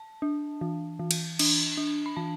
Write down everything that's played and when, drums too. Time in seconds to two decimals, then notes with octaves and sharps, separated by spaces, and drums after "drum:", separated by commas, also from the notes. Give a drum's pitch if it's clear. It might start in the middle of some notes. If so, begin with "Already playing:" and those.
Already playing: A5
0.22 D4
0.61 E3
0.99 E3
1.11 drum: cymbal
1.39 D4, drum: cymbal
1.77 D4
2.06 B5
2.16 E3 A5